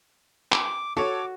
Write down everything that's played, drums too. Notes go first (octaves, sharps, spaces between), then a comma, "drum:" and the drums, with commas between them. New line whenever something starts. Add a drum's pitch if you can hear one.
D6, drum: clap
F#4 A4 C#5 D6